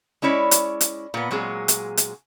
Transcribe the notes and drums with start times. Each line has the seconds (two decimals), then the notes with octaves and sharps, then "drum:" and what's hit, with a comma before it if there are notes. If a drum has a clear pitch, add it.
0.22 G#3 C#4 E4 C#5 D5
0.51 drum: hi-hat
0.81 drum: hi-hat
1.14 A#2 B3
1.31 A#2 F#3 G#3 C4 G#4
1.68 drum: hi-hat
1.97 drum: hi-hat